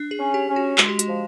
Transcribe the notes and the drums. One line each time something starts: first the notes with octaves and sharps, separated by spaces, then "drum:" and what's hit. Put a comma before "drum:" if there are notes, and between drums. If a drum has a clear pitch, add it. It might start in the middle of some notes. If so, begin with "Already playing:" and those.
Already playing: D4
G#4
C#4
G4
C#4
F#4
G#3 F#4, drum: clap
G4
F#4, drum: hi-hat
F3